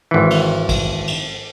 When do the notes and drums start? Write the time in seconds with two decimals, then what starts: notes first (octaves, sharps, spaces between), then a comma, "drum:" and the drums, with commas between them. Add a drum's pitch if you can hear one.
0.11 G#1 E3
0.30 drum: cymbal
0.69 drum: kick A1, cymbal
1.07 drum: cymbal